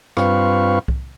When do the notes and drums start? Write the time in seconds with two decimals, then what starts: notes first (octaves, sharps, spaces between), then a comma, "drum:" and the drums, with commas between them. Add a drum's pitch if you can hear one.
0.17 G2 C4 F4 B4 F5 C#6, drum: rim click
0.88 drum: kick C2